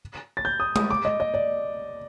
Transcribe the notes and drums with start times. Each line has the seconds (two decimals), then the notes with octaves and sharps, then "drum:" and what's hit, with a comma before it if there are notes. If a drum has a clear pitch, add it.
0.37 A6
0.45 G6
0.60 D#6
0.76 D#6, drum: tom G#3
0.90 D6
1.05 D#5
1.20 D#5
1.34 D5